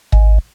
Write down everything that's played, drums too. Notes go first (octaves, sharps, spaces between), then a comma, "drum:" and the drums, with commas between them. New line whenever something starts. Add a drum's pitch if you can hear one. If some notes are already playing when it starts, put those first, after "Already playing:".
G#1, drum: kick